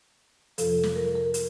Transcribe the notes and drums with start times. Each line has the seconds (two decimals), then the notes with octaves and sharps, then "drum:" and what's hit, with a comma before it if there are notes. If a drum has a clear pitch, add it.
0.58 F2 C3 F3 A4, drum: hi-hat
0.83 drum: snare
0.96 A#4
1.15 A#4
1.34 drum: hi-hat